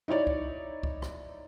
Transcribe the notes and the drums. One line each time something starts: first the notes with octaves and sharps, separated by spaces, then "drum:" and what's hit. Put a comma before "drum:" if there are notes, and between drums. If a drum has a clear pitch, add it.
D#4 E4 C#5 D5
drum: kick
drum: kick
drum: rim click